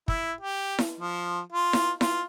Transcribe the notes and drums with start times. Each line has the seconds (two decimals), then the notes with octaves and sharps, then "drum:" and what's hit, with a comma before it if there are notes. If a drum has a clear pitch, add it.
0.08 E4, drum: kick
0.41 G4
0.79 drum: snare E4
1.00 F3
1.52 F4
1.73 drum: snare E4
2.01 F4, drum: snare E4